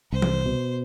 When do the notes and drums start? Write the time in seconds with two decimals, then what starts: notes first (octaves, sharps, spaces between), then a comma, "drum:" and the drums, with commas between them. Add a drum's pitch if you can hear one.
0.12 C2 C5
0.22 drum: tom E3
0.45 B2